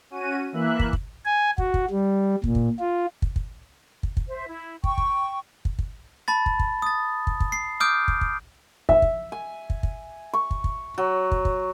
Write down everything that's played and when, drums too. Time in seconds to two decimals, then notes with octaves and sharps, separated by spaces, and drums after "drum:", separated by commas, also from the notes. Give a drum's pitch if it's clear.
0.10 C#4 F#4 D#7
0.53 E3 A#3 E5 F#6
0.79 drum: kick
0.93 drum: kick
1.25 G#5
1.58 F#4, drum: kick
1.74 drum: kick
1.90 G3
2.44 A#2, drum: kick
2.55 drum: kick
2.79 F4
3.22 drum: kick
3.36 drum: kick
4.03 drum: kick
4.17 drum: kick
4.28 C5 E5
4.47 E4
4.84 G5 C#6, drum: kick
4.98 drum: kick
5.65 drum: kick
5.79 drum: kick
6.28 A5 B5 A6
6.46 drum: kick
6.59 drum: kick
6.82 D#6 A6
7.27 drum: kick
7.40 drum: kick
7.52 C7
7.80 D6 D#6 F6 G6 D7
8.08 drum: kick
8.21 drum: kick
8.89 E5, drum: kick
9.02 drum: kick
9.32 G#5
9.70 drum: kick
9.83 drum: kick
10.33 C#6
10.51 drum: kick
10.64 drum: kick
10.98 F#3
11.32 drum: kick
11.45 drum: kick